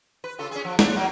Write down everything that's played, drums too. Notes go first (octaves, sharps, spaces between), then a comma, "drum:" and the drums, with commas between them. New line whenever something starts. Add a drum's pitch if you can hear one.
B4
C#3 F4 A4
C#4 G#4
F3
D4 F4 C#5, drum: snare
F#3 A#3 D#4